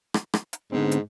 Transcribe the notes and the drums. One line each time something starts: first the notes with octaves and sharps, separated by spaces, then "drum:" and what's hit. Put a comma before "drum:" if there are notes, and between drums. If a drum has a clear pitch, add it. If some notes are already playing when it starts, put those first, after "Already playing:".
drum: rim click
drum: rim click
drum: hi-hat
G#2 D3 B3 C4
drum: hi-hat